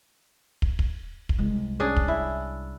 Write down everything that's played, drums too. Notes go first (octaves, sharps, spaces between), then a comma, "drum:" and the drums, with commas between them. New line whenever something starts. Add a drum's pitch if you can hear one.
drum: kick
drum: kick
drum: kick
C2 G#3
C#4 D4 G#4
drum: kick
E4